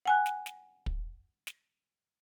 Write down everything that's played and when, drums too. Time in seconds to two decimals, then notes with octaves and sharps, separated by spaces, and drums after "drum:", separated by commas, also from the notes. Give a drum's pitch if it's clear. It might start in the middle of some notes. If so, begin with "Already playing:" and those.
0.06 F#5 G#5 F#6
0.26 drum: snare
0.46 drum: snare
0.86 drum: kick
1.47 drum: snare